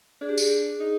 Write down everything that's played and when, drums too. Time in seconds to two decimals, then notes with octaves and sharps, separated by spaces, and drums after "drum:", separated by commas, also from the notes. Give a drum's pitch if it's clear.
0.21 D4 G#4
0.29 G4
0.38 G#4, drum: tambourine
0.80 D#4